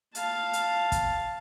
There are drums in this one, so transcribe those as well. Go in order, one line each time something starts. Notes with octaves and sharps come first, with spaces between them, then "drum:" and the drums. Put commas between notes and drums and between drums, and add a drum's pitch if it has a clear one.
F5 A5, drum: hi-hat
drum: hi-hat
drum: kick, hi-hat